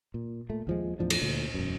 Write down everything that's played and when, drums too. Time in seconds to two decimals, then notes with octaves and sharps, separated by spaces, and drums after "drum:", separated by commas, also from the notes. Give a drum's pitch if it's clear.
0.14 A#2
0.50 A#2 A3
0.67 D#2 F3 G#3
0.99 E2 A2 F3 D4
1.10 drum: cymbal
1.22 D2 A#2 D3
1.54 E1 F#2